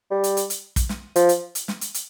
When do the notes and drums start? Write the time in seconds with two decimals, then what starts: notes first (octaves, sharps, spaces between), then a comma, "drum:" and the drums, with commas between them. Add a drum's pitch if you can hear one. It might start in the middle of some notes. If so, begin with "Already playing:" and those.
0.11 G3
0.24 drum: hi-hat
0.37 drum: hi-hat
0.50 drum: hi-hat
0.76 drum: kick, hi-hat
0.89 drum: snare
1.16 F3, drum: hi-hat
1.29 drum: hi-hat
1.55 drum: hi-hat
1.68 drum: snare
1.81 drum: hi-hat
1.94 drum: hi-hat